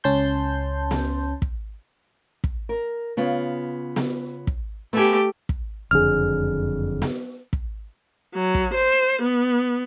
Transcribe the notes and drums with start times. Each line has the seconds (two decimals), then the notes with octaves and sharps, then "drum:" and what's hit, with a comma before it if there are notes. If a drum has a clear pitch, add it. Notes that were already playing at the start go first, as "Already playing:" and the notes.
0.04 C#2 C#4 A5 C6 G6
0.91 drum: snare B3
1.42 drum: kick
2.44 drum: kick
2.69 A#4
3.17 C#3 B3 F4
3.96 drum: snare B3
4.47 drum: kick
4.93 A3 B3 G4 G#5
5.49 drum: kick
5.91 F#1 F2 D3 G#4 F6
7.02 drum: snare B3
7.53 drum: kick
8.34 F#3
8.55 drum: kick
8.73 C5
9.21 B3